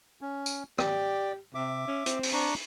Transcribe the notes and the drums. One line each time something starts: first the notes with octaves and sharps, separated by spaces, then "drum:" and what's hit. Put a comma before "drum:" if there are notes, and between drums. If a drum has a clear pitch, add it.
C#4
drum: tambourine
G4 D5, drum: rim click
C3 E5 D6
C#4
C4, drum: hi-hat
drum: open hi-hat
D4 A#5 C#6